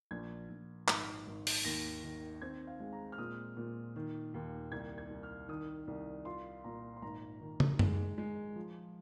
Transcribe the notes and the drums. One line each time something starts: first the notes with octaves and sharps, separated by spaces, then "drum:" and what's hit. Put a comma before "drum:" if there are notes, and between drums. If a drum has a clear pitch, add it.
A#1 G#6
A#1
G#1, drum: clap
G#1
drum: open hi-hat
D#2 A#6
D#3
C4 G#6
F5
G#3
A#5
F6
A#2 D#6
A#2
D#3
D#2
C2 G#6
G#6
C2
F6
D#3 D#6
C2
F4 C6
A#2 A#5
C6
G#1 A#5
D#3
drum: tom
G#3, drum: tom F#2
G#3
F3